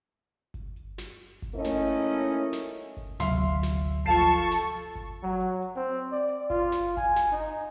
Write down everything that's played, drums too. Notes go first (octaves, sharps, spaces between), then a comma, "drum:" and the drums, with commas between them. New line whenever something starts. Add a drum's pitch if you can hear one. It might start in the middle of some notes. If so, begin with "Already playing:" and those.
drum: kick G1, hi-hat
drum: hi-hat
drum: snare
drum: open hi-hat
drum: kick G1, hi-hat
A3 A#3 C#4 D#4 E4 D#5
drum: snare
drum: hi-hat
drum: hi-hat
drum: hi-hat
drum: snare
drum: hi-hat
drum: kick G1, hi-hat
D2 C3 F#3 E5 F5 C6, drum: snare
drum: kick G1, open hi-hat
drum: snare
drum: hi-hat
F3 A4 F5 A5 C#6 C7, drum: kick G1, hi-hat
drum: hi-hat
drum: snare
drum: open hi-hat
drum: kick G1, hi-hat
F#3
drum: hi-hat
drum: hi-hat
C4
D5
drum: hi-hat
F4, drum: kick G1, hi-hat
drum: snare
G#5, drum: kick G1, open hi-hat
drum: snare
D#4